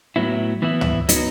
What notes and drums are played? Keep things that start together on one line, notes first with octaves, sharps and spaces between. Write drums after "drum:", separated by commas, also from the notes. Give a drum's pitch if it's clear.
A2 F#3 B3 E4
E3 B3 E4
drum: tom
F#3 B3 D#4, drum: hi-hat